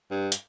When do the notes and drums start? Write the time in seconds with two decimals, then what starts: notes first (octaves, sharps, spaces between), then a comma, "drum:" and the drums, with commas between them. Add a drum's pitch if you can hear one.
0.11 G2
0.32 drum: hi-hat